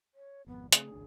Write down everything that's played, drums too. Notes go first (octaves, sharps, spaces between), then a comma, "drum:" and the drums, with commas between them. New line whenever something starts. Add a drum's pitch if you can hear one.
C#5
G#1 F2 B3
C#3 A3 C4 G#4, drum: hi-hat
G#1 C#2 D4